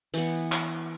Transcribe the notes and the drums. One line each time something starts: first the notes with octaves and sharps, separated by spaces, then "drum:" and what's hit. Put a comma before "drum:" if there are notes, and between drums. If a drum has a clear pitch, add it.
E3 B3, drum: hi-hat
drum: clap